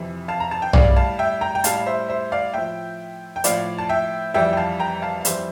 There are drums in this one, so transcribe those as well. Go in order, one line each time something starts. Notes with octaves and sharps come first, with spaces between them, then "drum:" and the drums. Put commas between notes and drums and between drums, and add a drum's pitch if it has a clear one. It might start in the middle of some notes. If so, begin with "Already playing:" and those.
Already playing: F2 C3 E3
F5 A5
A#5
A5
G5
A2 G3 D5 F5, drum: tom
F5 A5
E5 G5
G5 A#5
G5
A2 G3 F5 A5, drum: hi-hat
F5
C5 E5
C5 E5
D5 F5
A2 F3 E5 G5
G5
A2 F3 D5 F5, drum: hi-hat
A5
E5 G5
F2 E3 G3 E5 G5
G5
F5 A5
G5 A#5
F5 A5
F5
F2 E3 G3 C5 E5, drum: hi-hat